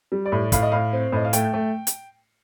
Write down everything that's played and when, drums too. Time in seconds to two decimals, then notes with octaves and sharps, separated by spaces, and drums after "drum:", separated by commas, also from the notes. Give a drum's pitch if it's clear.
0.12 G3
0.25 D5
0.32 A2
0.52 A2 F5, drum: kick, hi-hat
0.62 D#5
0.72 A2 F5
0.93 C4
1.12 A2 D#5
1.24 F5
1.33 A3 G5, drum: hi-hat
1.54 A3
1.87 drum: hi-hat